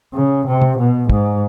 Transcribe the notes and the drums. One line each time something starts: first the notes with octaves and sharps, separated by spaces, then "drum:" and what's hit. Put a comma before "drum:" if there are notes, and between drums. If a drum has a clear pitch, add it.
C#3
C3
drum: tom
B2
G#2, drum: kick